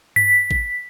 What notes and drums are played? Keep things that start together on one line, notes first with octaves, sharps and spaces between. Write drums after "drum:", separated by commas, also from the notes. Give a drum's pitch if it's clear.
B6, drum: tom G2
drum: kick